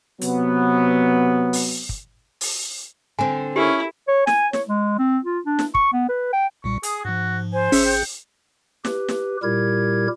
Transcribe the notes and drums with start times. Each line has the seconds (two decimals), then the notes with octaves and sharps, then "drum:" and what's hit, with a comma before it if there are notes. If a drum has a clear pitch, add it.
0.21 C3 F#3 B3, drum: hi-hat
1.53 drum: open hi-hat
1.89 drum: kick
2.41 drum: open hi-hat
3.19 D3 C4 G#5
3.56 C#4 E4 G4 A4 A#4
4.08 C#5
4.27 G#5, drum: snare
4.53 C#5, drum: snare
4.68 G#3
4.98 C4
5.25 F4
5.46 D4
5.59 drum: snare
5.75 C#6, drum: kick
5.93 B3
6.09 B4
6.33 G5
6.64 B1 A#2 G3 C#6
6.83 G#4 D#6, drum: hi-hat
7.05 G#2 F3 F#4
7.53 C5 G#5
7.72 G#1 C#4 G#4 E5 C#7, drum: open hi-hat
7.85 G5
8.85 G4 B4, drum: snare
9.08 drum: snare
9.43 A#2 G3 E4 G4 A#4 G#6